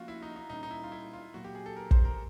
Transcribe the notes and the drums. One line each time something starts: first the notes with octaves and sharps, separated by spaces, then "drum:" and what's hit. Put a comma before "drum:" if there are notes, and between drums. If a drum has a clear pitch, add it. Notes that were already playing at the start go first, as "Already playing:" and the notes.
Already playing: F3 A#3 C#4 F4 F#4
E4
D#4
D#4
A#2 G3 A#3 C#4 D#4
D#4
E4
F4
E4
F4
A#2 F#3 A#3 F#4
G4
G#4
A4
A#4
C5, drum: kick
A#4